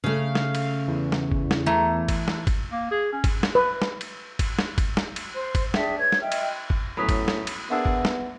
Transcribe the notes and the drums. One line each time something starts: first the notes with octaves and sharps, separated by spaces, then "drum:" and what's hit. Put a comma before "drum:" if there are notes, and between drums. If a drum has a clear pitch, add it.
C#3 A3 F5
drum: snare
drum: cymbal
E2
drum: snare
drum: kick
drum: snare
E3 A3 A#5
drum: kick, cymbal
drum: snare
drum: kick, cymbal
A#3
G#4
C#4
drum: kick, cymbal
drum: snare
B4
drum: snare
drum: cymbal
drum: kick, cymbal
drum: snare
drum: kick, cymbal
drum: snare
drum: cymbal
C5
drum: kick, cymbal
D4 G#4 E5 G5, drum: snare
B4 C#5 G#6
drum: snare
D#5 E5 G5 F6
drum: cymbal
drum: kick
A2 F#3 B3 C#4 B5 D#6 B6
drum: kick, cymbal
drum: snare
drum: cymbal
A#3 B3 D4 G#4 E5 F#5 E6
drum: kick
drum: snare